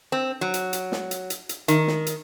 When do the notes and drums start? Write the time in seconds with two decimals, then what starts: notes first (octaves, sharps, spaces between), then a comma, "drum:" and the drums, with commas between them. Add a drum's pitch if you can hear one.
0.12 C4
0.41 F#3
0.54 drum: hi-hat
0.73 drum: hi-hat
0.92 drum: snare
1.11 drum: hi-hat
1.30 drum: hi-hat
1.49 drum: hi-hat
1.68 D#3, drum: hi-hat
1.87 drum: snare
2.06 drum: hi-hat